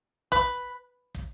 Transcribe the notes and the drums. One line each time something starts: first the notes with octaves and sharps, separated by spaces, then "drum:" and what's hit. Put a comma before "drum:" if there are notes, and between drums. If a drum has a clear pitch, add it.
B4, drum: kick, hi-hat
drum: kick, hi-hat